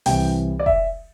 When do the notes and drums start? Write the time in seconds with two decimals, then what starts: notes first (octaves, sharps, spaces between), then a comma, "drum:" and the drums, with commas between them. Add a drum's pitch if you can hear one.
0.06 C2 C3 E3 G5, drum: open hi-hat
0.59 D5
0.66 E5, drum: kick F1